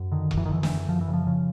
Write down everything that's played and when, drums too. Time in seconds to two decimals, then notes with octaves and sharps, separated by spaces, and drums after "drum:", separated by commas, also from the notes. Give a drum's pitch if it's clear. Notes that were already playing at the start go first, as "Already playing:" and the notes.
Already playing: F#2
0.12 D3 D#3
0.31 F#2, drum: kick E1
0.37 E3
0.45 D#3
0.50 D3 E3
0.63 E3, drum: snare
0.69 F#2
0.89 F#2 F3
1.01 E3
1.08 C#3
1.14 F3
1.27 C#3